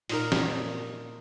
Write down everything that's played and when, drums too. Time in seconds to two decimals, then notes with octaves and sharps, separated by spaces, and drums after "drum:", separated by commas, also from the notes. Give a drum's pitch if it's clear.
0.09 A#2 D#4 A#4, drum: open hi-hat
0.32 drum: snare